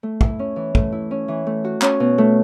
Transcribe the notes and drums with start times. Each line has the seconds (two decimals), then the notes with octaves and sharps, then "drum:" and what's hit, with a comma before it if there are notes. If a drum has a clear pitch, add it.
0.03 A3
0.21 E4, drum: kick
0.39 C#4
0.56 E3
0.75 A3, drum: kick
0.92 E4
1.11 C#4
1.28 E3
1.47 A3
1.65 F#4
1.82 C#4, drum: clap
2.00 B2
2.18 A3